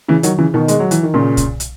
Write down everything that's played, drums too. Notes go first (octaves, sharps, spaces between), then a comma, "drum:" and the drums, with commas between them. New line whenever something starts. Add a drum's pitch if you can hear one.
C#3 E3
D#3 F#3, drum: hi-hat
C#3 E3
B2 D#3
G#3, drum: hi-hat
F#3
E3, drum: hi-hat
D#3
A#2 C#3
drum: kick, hi-hat
drum: hi-hat